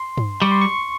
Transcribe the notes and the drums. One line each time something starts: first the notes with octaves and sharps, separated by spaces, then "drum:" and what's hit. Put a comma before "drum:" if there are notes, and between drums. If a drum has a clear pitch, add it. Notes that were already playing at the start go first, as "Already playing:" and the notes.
Already playing: C6
drum: tom G2
G3 C#6
C6
C#6